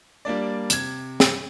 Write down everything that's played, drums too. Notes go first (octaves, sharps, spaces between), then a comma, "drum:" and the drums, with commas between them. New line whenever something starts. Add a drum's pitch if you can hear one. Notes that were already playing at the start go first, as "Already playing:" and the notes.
G3 A#3 D4 D5
C3 G#6, drum: hi-hat
drum: snare